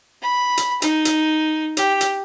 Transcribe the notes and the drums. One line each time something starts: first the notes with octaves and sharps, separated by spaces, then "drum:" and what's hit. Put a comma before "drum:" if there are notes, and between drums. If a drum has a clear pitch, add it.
B5
drum: hi-hat
D#4, drum: hi-hat
drum: hi-hat
G4, drum: hi-hat
drum: hi-hat